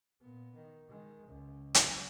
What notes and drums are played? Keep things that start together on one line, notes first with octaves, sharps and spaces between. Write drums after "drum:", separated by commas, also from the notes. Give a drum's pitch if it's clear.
A#2 B3
D#3
D#3 G#3
C#2
F#3, drum: hi-hat